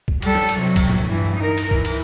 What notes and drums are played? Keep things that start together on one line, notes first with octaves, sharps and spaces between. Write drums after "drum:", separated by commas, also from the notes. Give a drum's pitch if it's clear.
drum: kick
G3 A4, drum: cymbal
drum: snare
drum: cymbal
C3 F#3
drum: kick, cymbal
drum: tom A2
G2 E3
D#4 A#4
drum: cymbal
E3, drum: kick
drum: cymbal